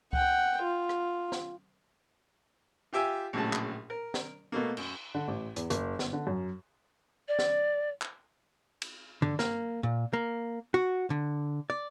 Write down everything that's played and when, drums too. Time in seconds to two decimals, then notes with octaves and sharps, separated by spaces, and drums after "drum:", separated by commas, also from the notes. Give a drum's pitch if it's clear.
0.13 F#5 G5, drum: kick C#2
0.62 F4
0.89 drum: rim click
1.32 drum: snare
2.93 F4 G4 E5 G5 G#5
3.33 A#1 A2 C#3 F#3 A5
3.53 drum: clap
3.90 A#4
4.14 drum: snare
4.52 B2 A3 A#3
4.77 F#2, drum: cymbal
5.15 D3
5.28 A1
5.56 E2, drum: hi-hat
5.70 F#1, drum: hi-hat
5.99 G1, drum: snare
6.13 D3
6.27 F#2
7.28 D5
7.39 drum: snare
8.02 drum: clap
8.82 drum: cymbal
9.22 D3, drum: tom G2
9.39 A#3, drum: snare
9.83 A#2
10.13 A#3
10.74 F#4
11.10 D3
11.70 D5